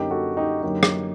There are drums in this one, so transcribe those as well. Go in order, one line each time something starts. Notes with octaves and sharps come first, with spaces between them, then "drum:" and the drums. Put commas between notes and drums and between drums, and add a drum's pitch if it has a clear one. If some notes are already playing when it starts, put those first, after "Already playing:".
Already playing: F#2 D3 F#3 A#3 D#4 G4
F#4 A4
D#4 G4
F#2 D3 F#3 A#3 D#4 G4
drum: rim click